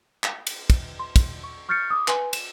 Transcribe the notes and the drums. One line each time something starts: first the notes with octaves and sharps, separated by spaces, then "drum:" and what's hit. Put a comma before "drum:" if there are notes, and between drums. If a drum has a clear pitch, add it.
drum: clap
drum: cymbal
drum: kick, cymbal
C6
drum: kick, cymbal
C#6
C#6 F6 G6 A6 C7 C#7
D6 D#6
B4 G#5 C6, drum: clap
E7, drum: cymbal